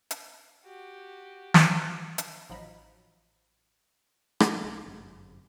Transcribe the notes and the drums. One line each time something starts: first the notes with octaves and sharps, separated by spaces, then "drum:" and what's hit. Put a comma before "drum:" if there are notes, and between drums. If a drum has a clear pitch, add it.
drum: hi-hat
F#4 G4
drum: snare
drum: hi-hat
A1 F3 F#3 D#4 A#5 B5
drum: rim click
C2 G3
G1 F#2 C3